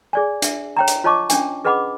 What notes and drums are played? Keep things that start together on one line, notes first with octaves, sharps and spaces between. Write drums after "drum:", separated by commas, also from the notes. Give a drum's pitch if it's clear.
G#4 D5 G#5
D4 E5, drum: hi-hat
C#5 G5 A#5
drum: hi-hat
F4 C#5 D#5 A5 C#6 D6
C#4 D4 G#5, drum: hi-hat
G#4 B4 D#5 F#5 B5 D6